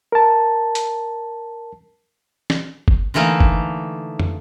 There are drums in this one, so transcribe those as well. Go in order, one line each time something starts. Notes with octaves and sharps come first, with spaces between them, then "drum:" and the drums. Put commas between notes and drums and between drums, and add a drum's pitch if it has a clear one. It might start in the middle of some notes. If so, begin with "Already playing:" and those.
A#4 A5
drum: hi-hat
drum: snare
drum: kick G1
D3 E3 A3 A#3 D#4
drum: kick G1
drum: tom